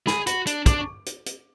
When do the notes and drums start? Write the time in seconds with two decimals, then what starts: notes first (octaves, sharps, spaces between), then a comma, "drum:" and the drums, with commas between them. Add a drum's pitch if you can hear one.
0.07 G#4 B5, drum: snare
0.27 F#4 B5, drum: hi-hat
0.47 D4, drum: hi-hat
0.66 D4 D6, drum: kick, hi-hat
0.79 C#6
1.06 drum: hi-hat
1.26 drum: hi-hat